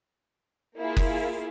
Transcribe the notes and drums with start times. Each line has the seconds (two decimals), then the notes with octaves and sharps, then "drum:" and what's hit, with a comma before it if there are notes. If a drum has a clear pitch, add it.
0.78 A#3 E4 F4 G#4
0.97 drum: kick F#1